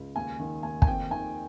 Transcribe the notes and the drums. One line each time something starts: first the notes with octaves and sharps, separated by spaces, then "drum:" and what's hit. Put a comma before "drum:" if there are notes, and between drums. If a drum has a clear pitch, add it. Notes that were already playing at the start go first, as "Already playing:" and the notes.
Already playing: C#2
D#2 G#5
D#3
D#2 G#5
G#5, drum: kick
F2 G5
D#3 G#5